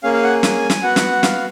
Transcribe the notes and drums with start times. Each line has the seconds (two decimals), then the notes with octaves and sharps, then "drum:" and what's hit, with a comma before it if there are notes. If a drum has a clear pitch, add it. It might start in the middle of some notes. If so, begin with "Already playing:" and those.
0.03 A#3 C#4 G#4 F5
0.13 F5
0.23 F#5
0.43 G#5, drum: snare
0.70 drum: snare
0.83 B3 F#4 F#5
0.96 drum: snare
1.23 F5, drum: snare